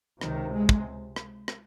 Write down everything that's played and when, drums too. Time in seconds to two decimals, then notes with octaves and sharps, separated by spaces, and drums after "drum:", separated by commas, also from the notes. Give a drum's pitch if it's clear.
0.21 C#2 C3 D#3, drum: rim click
0.53 G#3
0.69 drum: kick
1.16 drum: rim click
1.48 drum: rim click